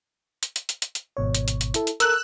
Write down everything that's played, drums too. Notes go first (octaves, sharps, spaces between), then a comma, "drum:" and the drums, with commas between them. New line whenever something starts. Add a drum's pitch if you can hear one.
drum: hi-hat
drum: hi-hat
drum: hi-hat
drum: hi-hat
drum: hi-hat
G#1 B2 C#5
drum: hi-hat
drum: hi-hat
drum: hi-hat
E4 A4, drum: hi-hat
drum: hi-hat
A4 A#4 E6 F#6, drum: hi-hat